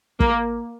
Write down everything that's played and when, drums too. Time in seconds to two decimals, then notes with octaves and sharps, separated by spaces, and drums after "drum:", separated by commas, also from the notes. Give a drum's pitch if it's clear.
0.20 A#3, drum: kick